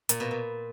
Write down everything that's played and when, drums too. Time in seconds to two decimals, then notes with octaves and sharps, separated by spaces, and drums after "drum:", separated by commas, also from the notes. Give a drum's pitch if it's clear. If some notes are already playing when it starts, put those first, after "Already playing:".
0.09 A#2, drum: hi-hat
0.20 B2
0.31 A#2